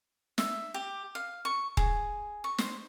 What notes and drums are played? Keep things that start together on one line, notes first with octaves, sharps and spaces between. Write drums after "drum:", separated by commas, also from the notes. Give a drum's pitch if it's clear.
E5, drum: snare
G4
F5
C#6
G#4, drum: kick D#1
C#6
C5, drum: snare